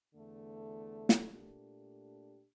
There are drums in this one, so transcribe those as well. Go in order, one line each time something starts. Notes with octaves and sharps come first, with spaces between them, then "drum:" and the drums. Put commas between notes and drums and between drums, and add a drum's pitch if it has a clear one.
E2 D3 A3
drum: snare
A#2 A3 D4 G4